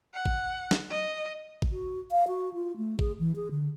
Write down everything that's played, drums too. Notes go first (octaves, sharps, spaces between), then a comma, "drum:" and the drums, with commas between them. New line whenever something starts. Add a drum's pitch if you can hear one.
F#5
drum: kick A1
drum: snare
D#5
drum: kick A1
F#4
F5
F#4
F4
A3
G#4, drum: kick A1
E3
G#4
D3